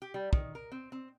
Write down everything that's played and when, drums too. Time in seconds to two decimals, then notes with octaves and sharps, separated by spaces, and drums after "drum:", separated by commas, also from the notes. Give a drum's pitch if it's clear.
0.02 G4
0.14 G3
0.33 D#3, drum: kick
0.55 A#4
0.72 C4
0.92 C4